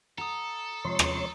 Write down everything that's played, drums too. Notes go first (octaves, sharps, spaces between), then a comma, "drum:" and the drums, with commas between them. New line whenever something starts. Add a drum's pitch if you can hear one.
F#4 A4 A#5 D#6
C3 F3 G#3 C#5 C6
drum: rim click